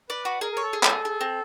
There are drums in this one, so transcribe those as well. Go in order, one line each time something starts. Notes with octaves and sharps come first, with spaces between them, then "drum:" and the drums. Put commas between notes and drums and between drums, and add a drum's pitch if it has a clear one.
B4 D5
F#4
G#4 A#4
A#4 C#5
A4
G#4
A4, drum: clap
G#4
G#4
C4